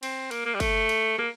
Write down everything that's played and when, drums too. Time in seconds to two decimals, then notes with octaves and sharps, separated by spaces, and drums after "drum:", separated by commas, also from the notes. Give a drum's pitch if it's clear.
0.03 C4, drum: cymbal
0.31 A#3, drum: cymbal
0.46 A#3
0.54 G3
0.60 A3, drum: kick F#1, cymbal
0.89 drum: cymbal
1.19 A#3, drum: rim click